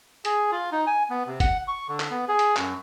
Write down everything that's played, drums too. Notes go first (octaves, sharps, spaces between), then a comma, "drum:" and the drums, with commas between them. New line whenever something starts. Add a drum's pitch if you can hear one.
G#4, drum: hi-hat
F4
D#4
G#5
B3
C3
F#5, drum: kick, hi-hat
C#6
D3
drum: clap
B3
G#4
drum: hi-hat
F#2, drum: clap